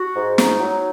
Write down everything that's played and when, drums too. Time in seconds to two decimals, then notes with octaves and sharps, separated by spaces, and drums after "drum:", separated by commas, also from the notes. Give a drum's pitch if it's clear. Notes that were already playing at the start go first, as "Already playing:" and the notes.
Already playing: F#4
0.16 G#2
0.38 D#4, drum: snare
0.60 F#3